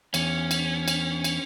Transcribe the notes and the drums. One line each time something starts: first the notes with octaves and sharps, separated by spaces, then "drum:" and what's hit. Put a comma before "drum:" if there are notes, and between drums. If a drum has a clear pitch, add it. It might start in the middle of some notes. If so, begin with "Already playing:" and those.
E2 C#4, drum: cymbal
drum: cymbal
drum: cymbal
drum: cymbal